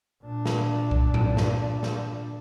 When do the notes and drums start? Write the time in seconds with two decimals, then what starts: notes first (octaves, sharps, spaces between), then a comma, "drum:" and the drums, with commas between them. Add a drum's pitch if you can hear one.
0.23 A#2 D4
0.46 drum: snare
0.91 drum: kick C2
1.14 drum: tom G2
1.37 drum: snare
1.83 drum: snare